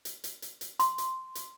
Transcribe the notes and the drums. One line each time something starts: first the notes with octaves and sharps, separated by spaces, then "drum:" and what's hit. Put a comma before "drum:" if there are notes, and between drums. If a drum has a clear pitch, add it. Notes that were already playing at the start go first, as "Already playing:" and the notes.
drum: hi-hat
drum: hi-hat
drum: hi-hat
drum: hi-hat
C6, drum: hi-hat
drum: hi-hat
drum: hi-hat